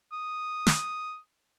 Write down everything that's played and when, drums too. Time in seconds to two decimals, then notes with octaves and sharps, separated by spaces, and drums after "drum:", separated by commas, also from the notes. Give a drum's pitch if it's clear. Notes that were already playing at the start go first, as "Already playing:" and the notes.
0.12 D#6
0.67 drum: snare